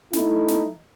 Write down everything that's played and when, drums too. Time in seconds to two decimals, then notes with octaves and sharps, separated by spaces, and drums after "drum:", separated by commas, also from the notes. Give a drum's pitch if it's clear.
0.13 A3 D#4 E4, drum: snare
0.48 drum: snare